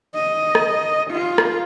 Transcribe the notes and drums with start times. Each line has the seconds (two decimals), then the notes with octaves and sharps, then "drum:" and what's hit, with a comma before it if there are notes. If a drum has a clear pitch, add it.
0.14 D#5
0.55 drum: rim click
1.10 F4
1.38 drum: rim click